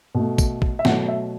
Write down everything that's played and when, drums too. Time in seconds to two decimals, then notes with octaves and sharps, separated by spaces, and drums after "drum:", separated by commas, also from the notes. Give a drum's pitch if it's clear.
0.15 B2 A3
0.38 drum: kick, tambourine
0.62 drum: kick
0.79 E5
0.85 B2 F#3 A3 F#5, drum: snare
1.08 E5